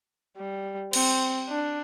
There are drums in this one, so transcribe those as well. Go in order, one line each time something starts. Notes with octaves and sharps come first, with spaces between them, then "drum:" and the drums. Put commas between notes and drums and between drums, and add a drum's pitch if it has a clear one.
G3
C4, drum: cymbal
D4